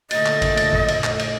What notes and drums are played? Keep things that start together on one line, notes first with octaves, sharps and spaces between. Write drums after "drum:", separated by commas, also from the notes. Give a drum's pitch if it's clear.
A#2 D3 A3 D#5 A6, drum: cymbal
drum: clap
drum: kick G#1, cymbal
drum: cymbal
drum: kick G#1
drum: cymbal
drum: clap
drum: cymbal